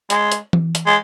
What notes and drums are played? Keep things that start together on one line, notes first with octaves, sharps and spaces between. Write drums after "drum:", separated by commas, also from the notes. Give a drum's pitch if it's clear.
G#3, drum: hi-hat
drum: hi-hat
drum: tom E3
drum: hi-hat
G#3